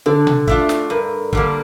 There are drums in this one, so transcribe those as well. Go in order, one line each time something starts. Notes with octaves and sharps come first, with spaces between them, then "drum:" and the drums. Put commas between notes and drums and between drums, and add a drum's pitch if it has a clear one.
D3 A4
drum: tom B2
A3 D4 F4, drum: kick
drum: snare
G2 A#4
D3 G3 A#3, drum: kick